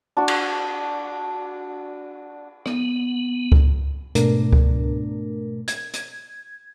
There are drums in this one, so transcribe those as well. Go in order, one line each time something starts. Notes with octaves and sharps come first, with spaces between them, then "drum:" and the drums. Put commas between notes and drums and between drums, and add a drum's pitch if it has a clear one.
D4 F#4
drum: cymbal
B3, drum: rim click
drum: kick C#2
G#2 B2 A3 D4 A#4, drum: hi-hat
drum: kick C#2
G#6, drum: hi-hat
drum: hi-hat